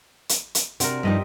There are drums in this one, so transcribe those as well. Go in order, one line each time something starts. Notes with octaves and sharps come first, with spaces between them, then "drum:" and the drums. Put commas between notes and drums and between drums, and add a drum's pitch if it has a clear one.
drum: hi-hat
drum: hi-hat
C3 C4 D4 F#4 A#4, drum: hi-hat
G2 F3 G3 D#4 D#5 E5